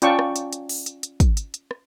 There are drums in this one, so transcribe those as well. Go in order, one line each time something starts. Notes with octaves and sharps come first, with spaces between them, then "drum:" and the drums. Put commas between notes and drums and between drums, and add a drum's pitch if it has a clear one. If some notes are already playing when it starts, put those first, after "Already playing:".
C#4 F4 D5 G5 A5 C#6, drum: hi-hat
drum: rim click
drum: hi-hat
drum: hi-hat
drum: open hi-hat
drum: hi-hat
drum: hi-hat
drum: kick, hi-hat
drum: hi-hat
drum: hi-hat
drum: rim click